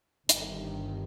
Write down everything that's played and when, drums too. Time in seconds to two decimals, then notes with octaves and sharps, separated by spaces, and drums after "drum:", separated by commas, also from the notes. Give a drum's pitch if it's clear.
0.29 G1 G2 D#3, drum: hi-hat